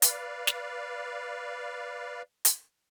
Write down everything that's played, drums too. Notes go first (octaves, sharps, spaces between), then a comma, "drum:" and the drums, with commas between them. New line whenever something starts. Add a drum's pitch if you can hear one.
B4 D5 F5, drum: hi-hat
drum: snare
drum: hi-hat